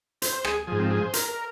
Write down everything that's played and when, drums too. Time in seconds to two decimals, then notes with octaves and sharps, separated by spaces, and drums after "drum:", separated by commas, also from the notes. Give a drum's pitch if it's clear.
0.22 C5, drum: hi-hat
0.33 C5
0.45 G#4, drum: rim click
0.67 G#2 F3 G#4
0.79 C4
0.91 G#4
1.02 C5
1.14 A#4, drum: hi-hat
1.29 A#4